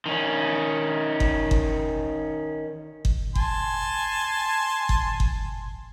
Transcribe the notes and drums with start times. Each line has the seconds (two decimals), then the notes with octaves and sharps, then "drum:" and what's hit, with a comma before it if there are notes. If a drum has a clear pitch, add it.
0.06 D#3 C#4
1.20 drum: kick G1
1.51 drum: kick G1
3.05 drum: kick G1
3.35 G#5 A5 C6, drum: kick G1
4.89 drum: kick G1
5.20 drum: kick G1